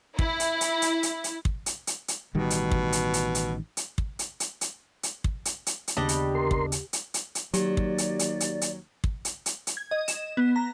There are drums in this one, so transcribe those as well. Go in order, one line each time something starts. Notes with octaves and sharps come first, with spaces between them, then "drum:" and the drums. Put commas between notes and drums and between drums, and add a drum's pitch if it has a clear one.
E4, drum: kick
drum: hi-hat
drum: hi-hat
drum: hi-hat
drum: hi-hat
drum: hi-hat
drum: kick
drum: hi-hat
drum: hi-hat
drum: hi-hat
A1 B2 D#3 G3
drum: hi-hat
drum: kick
drum: hi-hat
drum: hi-hat
drum: hi-hat
drum: hi-hat
drum: kick
drum: hi-hat
drum: hi-hat
drum: hi-hat
drum: hi-hat
drum: kick
drum: hi-hat
drum: hi-hat
drum: hi-hat
D#2 C#3 G3 B3 D4 D#5
drum: hi-hat
A#4 C6
drum: kick
drum: hi-hat
drum: hi-hat
drum: hi-hat
drum: hi-hat
D#2 F#3 G4 D5, drum: hi-hat
drum: kick
drum: hi-hat
drum: hi-hat
drum: hi-hat
drum: hi-hat
drum: kick
drum: hi-hat
drum: hi-hat
drum: hi-hat
G#6
D#5
E7, drum: hi-hat
B3
A#5